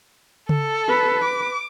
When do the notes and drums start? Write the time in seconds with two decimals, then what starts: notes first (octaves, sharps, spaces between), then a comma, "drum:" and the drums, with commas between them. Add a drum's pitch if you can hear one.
0.49 A4, drum: tom C#3
0.89 B4
1.23 D6